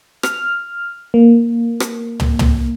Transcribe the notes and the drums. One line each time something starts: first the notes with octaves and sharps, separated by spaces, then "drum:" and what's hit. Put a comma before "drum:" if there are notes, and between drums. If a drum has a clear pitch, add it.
F6, drum: rim click
A#3
drum: rim click
drum: tom
drum: tom